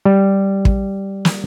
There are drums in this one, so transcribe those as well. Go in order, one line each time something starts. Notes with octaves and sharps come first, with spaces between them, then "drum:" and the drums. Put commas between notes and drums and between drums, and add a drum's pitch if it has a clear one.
G3
drum: kick
drum: snare